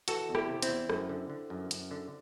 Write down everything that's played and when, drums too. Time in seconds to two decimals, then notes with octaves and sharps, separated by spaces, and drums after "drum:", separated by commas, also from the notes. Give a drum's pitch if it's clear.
0.08 E3 F#4 A4, drum: hi-hat
0.29 E2
0.35 E4 G4, drum: rim click
0.48 C3
0.62 C4 E4, drum: hi-hat
0.69 E2
0.90 F#2, drum: rim click
1.09 D3
1.30 D3
1.50 F#2
1.71 F#2, drum: hi-hat
1.91 D3